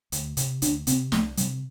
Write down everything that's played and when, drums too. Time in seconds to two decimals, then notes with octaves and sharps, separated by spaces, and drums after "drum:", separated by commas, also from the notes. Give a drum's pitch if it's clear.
0.12 D2, drum: hi-hat
0.37 C3, drum: hi-hat
0.62 D2 D4, drum: hi-hat
0.87 C3 C4, drum: hi-hat
1.12 C2 A3, drum: snare
1.37 C3 G3, drum: hi-hat